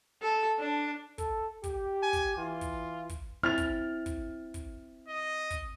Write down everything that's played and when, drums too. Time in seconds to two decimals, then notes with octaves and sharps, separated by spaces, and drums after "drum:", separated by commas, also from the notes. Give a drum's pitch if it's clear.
0.22 A4
0.60 D4
1.18 A4, drum: kick, hi-hat
1.64 G4, drum: kick, hi-hat
2.03 G#5
2.13 drum: kick, hi-hat
2.37 E3 F4
2.61 drum: kick, hi-hat
3.09 drum: kick, hi-hat
3.43 C4 E4 F6 A6 F7
3.58 drum: kick, hi-hat
4.06 drum: kick, hi-hat
4.54 drum: kick, hi-hat
5.08 D#5
5.51 drum: kick, hi-hat